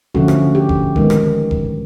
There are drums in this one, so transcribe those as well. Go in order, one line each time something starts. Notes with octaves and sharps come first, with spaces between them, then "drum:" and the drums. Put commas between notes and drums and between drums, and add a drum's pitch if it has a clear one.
D3 F3 A3 C#4 F#4, drum: kick E1
drum: rim click
G4
drum: kick E1
D#3 G#3 B3, drum: kick E1
drum: rim click
drum: kick E1